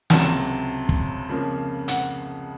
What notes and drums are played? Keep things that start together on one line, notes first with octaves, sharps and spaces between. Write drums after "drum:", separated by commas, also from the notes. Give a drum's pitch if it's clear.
C#2 C3 F#3 A5, drum: snare
drum: kick
F2 C#3 F3 A#3
F#5, drum: hi-hat